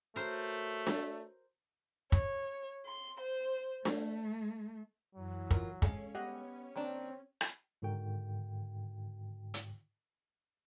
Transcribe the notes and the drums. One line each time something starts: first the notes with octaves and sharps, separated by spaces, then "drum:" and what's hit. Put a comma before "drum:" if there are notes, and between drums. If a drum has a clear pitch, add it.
A3 F#4 A#4 C5 C#5
drum: snare D4
C#5, drum: kick
C6
C5
A3, drum: snare D4
F#2 E3 F#3
F4 A#4, drum: kick
G#3 C#4 A4 C#5 F5, drum: kick
B3 G4 D#5 F#5
D#3 A#3 C4 D4
drum: rim click
G#2 D3 D#3 F#4 G5
drum: hi-hat